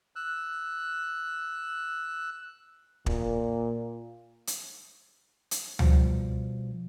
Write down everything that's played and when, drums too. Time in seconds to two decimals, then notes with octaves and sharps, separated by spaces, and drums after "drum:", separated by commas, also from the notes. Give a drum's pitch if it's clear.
0.16 E6 F#6
3.06 A#2, drum: kick
4.47 drum: hi-hat
5.51 drum: hi-hat
5.79 B2 F3 G3, drum: tom